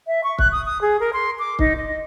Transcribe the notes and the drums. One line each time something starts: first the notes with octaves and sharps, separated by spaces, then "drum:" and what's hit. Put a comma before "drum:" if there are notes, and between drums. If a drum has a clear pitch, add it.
E5
C#6
F#6, drum: kick
D#6
D#6
G#4
A#4
C6
D6
D#4, drum: kick
D#5